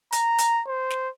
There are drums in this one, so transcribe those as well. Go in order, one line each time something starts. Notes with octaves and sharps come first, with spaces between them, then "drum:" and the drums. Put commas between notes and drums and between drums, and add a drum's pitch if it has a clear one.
A#5, drum: hi-hat
drum: hi-hat
C5
drum: snare